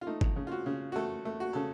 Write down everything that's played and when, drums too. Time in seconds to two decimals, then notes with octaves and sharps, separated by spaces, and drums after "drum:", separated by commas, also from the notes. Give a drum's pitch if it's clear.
0.01 F4
0.07 A3 D#4
0.21 drum: kick G1
0.36 C#3
0.47 F4
0.52 F#4
0.66 C#3
0.92 F#4
0.96 A3 A4
1.25 A3
1.40 F#4
1.53 C#3 A4